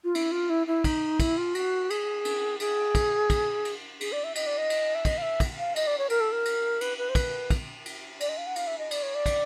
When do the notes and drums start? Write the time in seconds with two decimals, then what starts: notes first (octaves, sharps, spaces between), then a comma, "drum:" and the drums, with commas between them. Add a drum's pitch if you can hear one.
0.04 F4
0.15 E4, drum: cymbal
0.32 F4
0.50 E4
0.67 E4
0.84 D#4, drum: kick, cymbal
1.20 E4, drum: kick, cymbal
1.38 F4
1.55 F#4, drum: cymbal
1.90 G#4, drum: cymbal
2.25 drum: cymbal
2.60 G#4, drum: cymbal
2.95 drum: kick, cymbal
3.30 drum: kick, cymbal
3.65 drum: cymbal
4.01 G#4, drum: cymbal
4.12 D5
4.24 E5
4.35 D#5, drum: cymbal
4.47 D5
4.58 D#5
4.70 drum: cymbal
4.95 E5
5.05 D#5, drum: kick, cymbal
5.18 F5
5.22 E5
5.40 drum: kick, cymbal
5.58 F5
5.76 D#5, drum: cymbal
5.87 D5
5.98 C#5
6.10 A#4, drum: cymbal
6.20 A4
6.32 A#4
6.45 drum: cymbal
6.81 B4, drum: cymbal
6.98 B4
7.09 C5
7.15 B4, drum: kick, cymbal
7.50 drum: kick, cymbal
7.86 drum: cymbal
8.20 D5, drum: cymbal
8.29 D#5
8.37 F5
8.47 F#5
8.56 F5, drum: cymbal
8.67 E5
8.79 D#5
8.91 D5, drum: cymbal
9.03 C#5
9.15 D5
9.26 drum: kick, cymbal